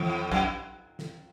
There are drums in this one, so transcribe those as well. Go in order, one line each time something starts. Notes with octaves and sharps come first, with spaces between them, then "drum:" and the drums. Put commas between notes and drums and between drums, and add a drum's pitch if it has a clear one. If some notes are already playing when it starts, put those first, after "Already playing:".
Already playing: E2
F#2, drum: kick A#1
drum: snare